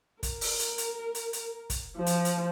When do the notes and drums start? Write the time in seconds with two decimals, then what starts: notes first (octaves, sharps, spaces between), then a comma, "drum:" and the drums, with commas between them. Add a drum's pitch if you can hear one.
0.23 A#4, drum: kick, hi-hat
0.41 drum: open hi-hat
0.59 drum: hi-hat
0.78 drum: hi-hat
1.15 drum: hi-hat
1.33 drum: hi-hat
1.70 drum: kick, hi-hat
1.97 F3
2.06 drum: hi-hat
2.25 drum: hi-hat